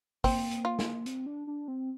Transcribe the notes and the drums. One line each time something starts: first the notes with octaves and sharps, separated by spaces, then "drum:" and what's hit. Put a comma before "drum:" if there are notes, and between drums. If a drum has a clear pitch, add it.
A#3 C4, drum: kick, open hi-hat
drum: hi-hat
F4
drum: snare
C4, drum: hi-hat
D4
D4
C4